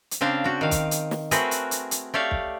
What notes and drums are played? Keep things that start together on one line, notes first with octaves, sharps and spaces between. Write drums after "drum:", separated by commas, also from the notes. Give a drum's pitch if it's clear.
drum: hi-hat
C#3 C4 D4 F5
F#4 G5
D#3 F5
drum: kick, hi-hat
drum: hi-hat
drum: snare
A3 C4 F#4 G#4 A#4 B4, drum: hi-hat
drum: hi-hat
drum: hi-hat
drum: hi-hat
A3 G4 C#5 D5 F5
drum: kick